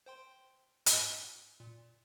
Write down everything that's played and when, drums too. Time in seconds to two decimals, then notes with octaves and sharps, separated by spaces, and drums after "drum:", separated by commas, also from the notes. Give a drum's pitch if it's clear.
0.06 C5 G5 C6
0.86 G#2, drum: hi-hat
1.60 A#2